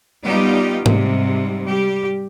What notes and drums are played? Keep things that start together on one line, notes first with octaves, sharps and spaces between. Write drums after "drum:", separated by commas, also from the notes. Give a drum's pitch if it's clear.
G3 B3 D#4 F4 G4
G#2 C3 G3, drum: tom G#2
G3 G4